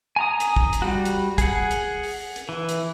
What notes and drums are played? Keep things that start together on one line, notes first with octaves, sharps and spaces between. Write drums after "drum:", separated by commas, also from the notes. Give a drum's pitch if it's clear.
G#5 A#5 D#6
drum: hi-hat
drum: kick
drum: hi-hat
G3 F#4
drum: hi-hat
G#4 F#5, drum: kick, hi-hat
drum: hi-hat
drum: open hi-hat
drum: hi-hat
E3
drum: hi-hat